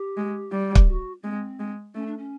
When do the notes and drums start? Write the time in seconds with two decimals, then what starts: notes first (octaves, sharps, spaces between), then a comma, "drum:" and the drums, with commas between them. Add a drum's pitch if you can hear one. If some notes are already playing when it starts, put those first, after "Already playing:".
Already playing: G4
0.17 G#3
0.52 G3
0.75 drum: kick
0.88 F#4
1.23 G#3 C4
1.59 G#3
1.94 A3 C#4
2.07 D4
2.18 C#4